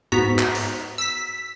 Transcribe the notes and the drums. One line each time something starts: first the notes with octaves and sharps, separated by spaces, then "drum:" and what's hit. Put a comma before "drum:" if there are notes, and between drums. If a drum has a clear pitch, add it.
G#2 B3 F#4 A#5 B6
drum: clap
drum: open hi-hat
E6 B6